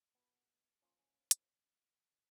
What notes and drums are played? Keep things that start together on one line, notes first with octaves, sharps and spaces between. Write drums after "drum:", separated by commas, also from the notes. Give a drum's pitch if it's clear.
B2 B3
A#2 F3 C#4
C#4
drum: hi-hat